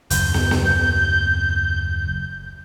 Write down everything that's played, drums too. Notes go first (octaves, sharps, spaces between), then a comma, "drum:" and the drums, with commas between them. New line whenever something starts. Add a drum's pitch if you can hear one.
F#1 D#2 G6, drum: hi-hat
drum: snare
drum: snare